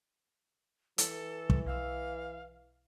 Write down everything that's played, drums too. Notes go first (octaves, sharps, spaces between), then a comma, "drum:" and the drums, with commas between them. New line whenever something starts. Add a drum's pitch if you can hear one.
E3 A4, drum: hi-hat
drum: kick
B1 F5 E6